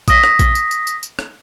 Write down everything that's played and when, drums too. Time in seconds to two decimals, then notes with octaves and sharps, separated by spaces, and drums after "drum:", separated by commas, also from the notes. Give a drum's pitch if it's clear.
0.08 D#6 A#6 B6, drum: kick A#1, tambourine
0.24 drum: rim click
0.39 drum: kick A#1, tambourine
0.55 drum: tambourine
0.71 drum: tambourine
0.87 drum: tambourine
1.03 drum: tambourine
1.19 drum: rim click